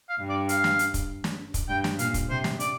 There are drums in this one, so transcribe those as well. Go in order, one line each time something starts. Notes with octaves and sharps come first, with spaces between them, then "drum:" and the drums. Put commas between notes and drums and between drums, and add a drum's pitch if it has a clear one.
F5
G2
D5
F5, drum: hi-hat
drum: snare
drum: hi-hat
drum: kick, hi-hat
drum: snare
drum: kick, hi-hat
G2 G5
drum: snare
A#2 F5, drum: hi-hat
drum: kick, hi-hat
C3 C5
drum: snare
D5, drum: hi-hat